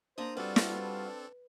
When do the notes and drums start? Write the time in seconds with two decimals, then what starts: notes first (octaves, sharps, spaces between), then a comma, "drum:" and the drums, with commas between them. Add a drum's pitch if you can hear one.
0.18 A#3 C4 D4 C5 A#5 D#6
0.37 G3 C4 D4 F4 F#4 A4 B4
0.56 drum: snare